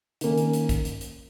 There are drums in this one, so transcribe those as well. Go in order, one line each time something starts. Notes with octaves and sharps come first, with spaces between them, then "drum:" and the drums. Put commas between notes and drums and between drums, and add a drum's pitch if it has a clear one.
D#3 A#3 C#4, drum: hi-hat
drum: hi-hat
drum: hi-hat
drum: kick, hi-hat
drum: hi-hat
drum: hi-hat